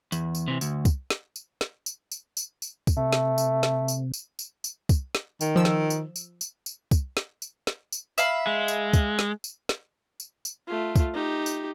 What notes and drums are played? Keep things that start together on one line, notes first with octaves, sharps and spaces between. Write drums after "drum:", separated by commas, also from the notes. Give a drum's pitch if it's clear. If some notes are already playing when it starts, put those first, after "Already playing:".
E2, drum: tambourine
drum: tambourine
C3 E3
D2, drum: tambourine
drum: kick, tambourine
drum: snare
drum: tambourine
drum: snare
drum: tambourine
drum: tambourine
drum: tambourine
drum: tambourine
drum: kick, tambourine
C3 A3
drum: snare
drum: tambourine
drum: snare
drum: tambourine
drum: tambourine
drum: tambourine
drum: tambourine
drum: kick, tambourine
drum: snare
D#3, drum: tambourine
F3 E6
drum: snare
drum: tambourine
drum: tambourine
drum: tambourine
drum: tambourine
drum: kick, tambourine
drum: snare
drum: tambourine
drum: snare
drum: tambourine
E5 F5 B5, drum: tambourine
G#3
drum: tambourine
drum: kick, tambourine
drum: snare
drum: tambourine
drum: snare
drum: tambourine
drum: tambourine
A3 F4
drum: kick, tambourine
D#4 G4
drum: tambourine